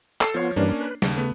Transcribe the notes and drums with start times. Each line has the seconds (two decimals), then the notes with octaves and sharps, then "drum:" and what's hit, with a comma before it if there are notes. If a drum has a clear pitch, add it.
0.21 A4 E6 C7, drum: clap
0.34 F3 B3 F4 C#5
0.56 G2 E3 G3 A#3 C#4 D4
0.80 B4
1.02 D#2 C#3, drum: snare
1.16 A3 B3